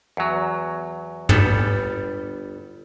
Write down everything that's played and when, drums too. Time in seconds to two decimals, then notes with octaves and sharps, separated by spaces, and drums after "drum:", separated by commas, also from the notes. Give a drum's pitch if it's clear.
0.17 E2 F#3
1.29 G1 G3 B3 A4, drum: tom